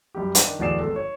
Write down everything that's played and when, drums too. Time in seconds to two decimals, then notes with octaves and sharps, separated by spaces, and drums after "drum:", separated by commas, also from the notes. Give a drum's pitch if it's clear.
0.15 F#2 G3 G4
0.35 D#3 D4, drum: hi-hat
0.59 D1 E2 F#4 D5 C7 E7
0.79 G#1 A4
0.96 C#5